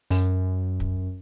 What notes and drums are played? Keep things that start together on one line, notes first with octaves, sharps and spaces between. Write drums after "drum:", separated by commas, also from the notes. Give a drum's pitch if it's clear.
F#2, drum: open hi-hat
drum: kick